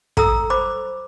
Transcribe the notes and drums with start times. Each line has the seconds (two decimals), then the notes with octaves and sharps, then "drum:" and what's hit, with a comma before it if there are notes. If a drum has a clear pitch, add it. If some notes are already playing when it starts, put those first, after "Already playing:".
0.17 A4 A#5 D#6 E6, drum: kick
0.50 C5 B5 D6